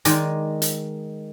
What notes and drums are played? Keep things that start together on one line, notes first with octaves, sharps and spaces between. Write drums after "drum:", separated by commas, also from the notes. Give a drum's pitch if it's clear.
D#3 G#3 D#4 D5, drum: hi-hat
drum: hi-hat